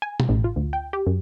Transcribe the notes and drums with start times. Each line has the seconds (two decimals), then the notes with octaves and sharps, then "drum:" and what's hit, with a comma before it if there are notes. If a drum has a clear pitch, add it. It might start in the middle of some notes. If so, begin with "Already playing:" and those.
0.02 G#5
0.20 drum: tom B2
0.29 A1
0.44 F4
0.56 D2
0.73 G5
0.93 G4
1.06 F#2